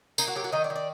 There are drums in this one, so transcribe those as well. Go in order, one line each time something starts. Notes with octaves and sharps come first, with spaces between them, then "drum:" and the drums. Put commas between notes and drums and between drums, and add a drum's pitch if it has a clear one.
A#3 D#4, drum: tambourine
F#4
F#3 G4
F#4
D#3 D#5
D5
D#3
D5